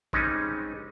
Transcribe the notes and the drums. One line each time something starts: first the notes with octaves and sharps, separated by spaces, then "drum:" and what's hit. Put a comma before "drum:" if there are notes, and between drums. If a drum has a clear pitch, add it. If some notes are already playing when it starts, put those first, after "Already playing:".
G3 G#3 C4 C#4 D#4, drum: kick